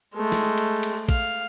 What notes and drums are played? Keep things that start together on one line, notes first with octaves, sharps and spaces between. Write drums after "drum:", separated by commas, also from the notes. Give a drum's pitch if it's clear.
G#3 A3
drum: snare
drum: cymbal
drum: cymbal
F5, drum: kick, cymbal